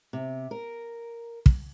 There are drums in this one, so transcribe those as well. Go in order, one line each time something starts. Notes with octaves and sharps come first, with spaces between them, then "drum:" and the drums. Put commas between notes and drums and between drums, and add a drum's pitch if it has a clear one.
C3
A#4
drum: kick